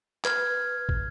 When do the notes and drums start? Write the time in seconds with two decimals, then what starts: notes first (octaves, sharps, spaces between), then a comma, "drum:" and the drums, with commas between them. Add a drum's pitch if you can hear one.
0.25 B4 F6 G#6, drum: clap
0.89 drum: kick